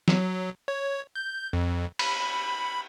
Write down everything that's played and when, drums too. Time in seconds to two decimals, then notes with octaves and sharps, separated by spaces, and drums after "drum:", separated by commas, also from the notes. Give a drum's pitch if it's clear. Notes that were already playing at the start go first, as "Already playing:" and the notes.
0.08 F#3, drum: snare
0.68 C#5
1.15 G6
1.53 F2
1.99 B5, drum: cymbal